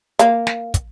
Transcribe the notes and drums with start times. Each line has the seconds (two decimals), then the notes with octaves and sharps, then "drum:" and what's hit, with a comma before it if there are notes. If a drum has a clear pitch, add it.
0.19 A#3 F5, drum: hi-hat
0.47 drum: snare
0.74 drum: kick, hi-hat